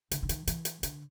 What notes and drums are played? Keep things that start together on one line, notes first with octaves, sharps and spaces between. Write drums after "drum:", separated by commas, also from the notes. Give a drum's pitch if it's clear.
D3, drum: hi-hat
D3
D#3, drum: hi-hat
E3, drum: hi-hat
drum: hi-hat
D3, drum: hi-hat